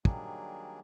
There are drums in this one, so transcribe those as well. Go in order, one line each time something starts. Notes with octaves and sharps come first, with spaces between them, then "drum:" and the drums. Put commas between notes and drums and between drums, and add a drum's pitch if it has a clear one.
D#3 F#3 G3 A#3 D4 G#4, drum: kick